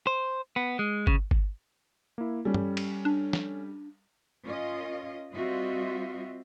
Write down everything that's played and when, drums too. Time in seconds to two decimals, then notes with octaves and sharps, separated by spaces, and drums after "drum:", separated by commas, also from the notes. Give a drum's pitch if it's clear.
0.07 C5
0.56 B3
0.79 G#3
1.07 C#3, drum: kick G1
1.31 drum: kick G1
2.18 A#3 E4
2.45 G3 C#4 A4
2.54 drum: tom G2
2.77 drum: cymbal
3.05 D4
3.33 drum: snare
4.43 C#4 F4 A#4 D#5
5.34 G3 C4 F4 F#4 D#5 E5